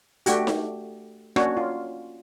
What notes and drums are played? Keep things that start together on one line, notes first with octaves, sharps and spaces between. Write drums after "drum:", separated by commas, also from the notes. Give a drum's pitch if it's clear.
A3 D4 F#4 G4, drum: hi-hat
drum: snare D#4
A#3 C#4 D4 F#4 C#5, drum: rim click
F4